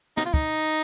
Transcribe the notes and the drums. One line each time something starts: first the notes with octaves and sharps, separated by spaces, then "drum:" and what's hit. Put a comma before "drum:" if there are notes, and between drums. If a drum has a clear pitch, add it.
D#4, drum: snare
F4
D#4, drum: kick